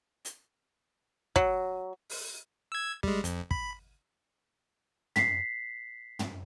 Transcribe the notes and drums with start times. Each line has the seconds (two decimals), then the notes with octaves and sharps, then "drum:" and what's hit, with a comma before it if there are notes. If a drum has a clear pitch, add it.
0.25 drum: hi-hat
1.36 F#3, drum: kick
2.10 drum: open hi-hat
2.72 E6 G#6
3.03 G3 G#3, drum: kick
3.24 F2, drum: hi-hat
3.51 B5, drum: kick
5.16 B6 C7, drum: tom
6.19 drum: tom